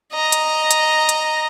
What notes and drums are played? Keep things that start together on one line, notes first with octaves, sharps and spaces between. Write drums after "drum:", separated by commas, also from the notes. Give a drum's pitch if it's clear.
D#5 A#5
drum: hi-hat
drum: hi-hat
drum: hi-hat